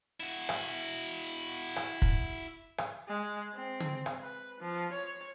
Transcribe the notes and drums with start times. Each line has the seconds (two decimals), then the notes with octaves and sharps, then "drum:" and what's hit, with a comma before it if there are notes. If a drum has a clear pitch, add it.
0.20 E4 F#4
0.49 drum: rim click
1.76 drum: rim click
2.02 drum: kick
2.78 drum: rim click
3.09 G#3
3.55 C4
3.80 drum: tom
4.06 drum: rim click
4.23 B4
4.61 F3
4.93 C#5